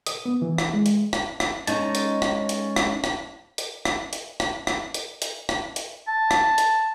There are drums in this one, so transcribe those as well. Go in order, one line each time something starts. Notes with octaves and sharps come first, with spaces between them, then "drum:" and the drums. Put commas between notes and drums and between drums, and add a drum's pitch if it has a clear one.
D#6, drum: hi-hat
B3
E3
drum: rim click
G#3
drum: hi-hat
drum: rim click
drum: rim click
G#3 C#4 D#4 A5, drum: hi-hat
drum: hi-hat
drum: rim click
drum: hi-hat
drum: rim click
drum: rim click
drum: hi-hat
drum: rim click
drum: hi-hat
drum: rim click
drum: rim click
drum: hi-hat
drum: hi-hat
drum: rim click
drum: hi-hat
A5
drum: rim click
drum: hi-hat